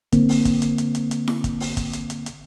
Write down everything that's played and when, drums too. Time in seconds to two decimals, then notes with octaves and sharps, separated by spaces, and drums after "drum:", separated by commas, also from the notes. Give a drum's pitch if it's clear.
0.12 D3 A#3 C4, drum: kick, hi-hat
0.29 drum: open hi-hat
0.45 drum: kick, hi-hat
0.62 drum: hi-hat
0.78 drum: hi-hat
0.95 drum: hi-hat
1.11 drum: hi-hat
1.28 drum: snare E4
1.44 drum: kick, hi-hat
1.60 drum: open hi-hat
1.77 drum: kick, hi-hat
1.93 drum: hi-hat
2.10 drum: hi-hat
2.26 drum: hi-hat